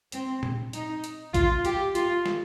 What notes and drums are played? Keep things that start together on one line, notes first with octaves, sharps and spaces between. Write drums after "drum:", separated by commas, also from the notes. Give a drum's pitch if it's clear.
C4, drum: hi-hat
drum: tom A#2
D#4, drum: hi-hat
drum: hi-hat
F4, drum: kick A#1, hi-hat
G4, drum: hi-hat
F4, drum: hi-hat
drum: snare